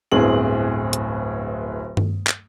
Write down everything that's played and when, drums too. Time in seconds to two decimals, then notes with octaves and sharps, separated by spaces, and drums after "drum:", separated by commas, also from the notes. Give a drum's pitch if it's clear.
0.12 D1 G1 A2 C4 G#4 F#7
0.93 drum: hi-hat
1.97 drum: tom G2
2.27 drum: clap